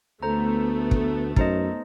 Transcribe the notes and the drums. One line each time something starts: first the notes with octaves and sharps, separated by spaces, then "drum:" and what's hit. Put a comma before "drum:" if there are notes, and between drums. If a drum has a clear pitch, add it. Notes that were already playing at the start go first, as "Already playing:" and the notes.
D2 A3 B3 C5 A#5
drum: kick
F#2 D#4 C5 D#5, drum: kick